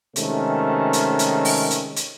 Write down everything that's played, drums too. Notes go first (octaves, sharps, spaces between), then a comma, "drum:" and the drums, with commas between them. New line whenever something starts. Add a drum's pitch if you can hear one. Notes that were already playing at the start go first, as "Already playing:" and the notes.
C3 D#3 G#3 A3 C#4, drum: hi-hat
drum: hi-hat
drum: hi-hat
drum: open hi-hat
drum: hi-hat
drum: hi-hat